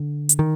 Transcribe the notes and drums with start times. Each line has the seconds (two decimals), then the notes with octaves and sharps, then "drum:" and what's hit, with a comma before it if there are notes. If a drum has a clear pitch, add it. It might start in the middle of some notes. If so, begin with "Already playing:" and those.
Already playing: D3
0.29 drum: hi-hat
0.39 D#3